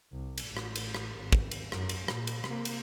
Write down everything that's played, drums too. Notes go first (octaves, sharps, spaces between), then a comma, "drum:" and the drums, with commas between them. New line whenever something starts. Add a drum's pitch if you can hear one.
C2
drum: cymbal
A1
drum: rim click
drum: cymbal
drum: rim click
G#1
drum: kick
drum: cymbal
F#2, drum: rim click
drum: cymbal
A#2, drum: rim click
drum: cymbal
C3 A#3, drum: rim click
drum: cymbal